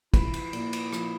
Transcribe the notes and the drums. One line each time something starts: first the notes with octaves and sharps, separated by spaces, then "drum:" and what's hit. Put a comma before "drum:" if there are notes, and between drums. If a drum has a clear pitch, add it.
F3 E4, drum: kick, cymbal
drum: cymbal
A#2, drum: cymbal
drum: cymbal
F3, drum: rim click